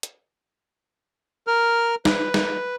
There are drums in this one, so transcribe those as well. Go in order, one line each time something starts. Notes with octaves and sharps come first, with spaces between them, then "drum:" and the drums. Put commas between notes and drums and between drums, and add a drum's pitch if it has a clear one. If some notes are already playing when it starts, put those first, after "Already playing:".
drum: hi-hat
A#4 F6
B4, drum: snare
drum: snare